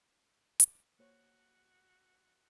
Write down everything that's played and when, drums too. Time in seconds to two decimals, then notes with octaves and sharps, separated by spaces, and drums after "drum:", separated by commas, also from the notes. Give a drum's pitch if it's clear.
0.60 drum: hi-hat
0.99 A#3 F#4 C5 C#5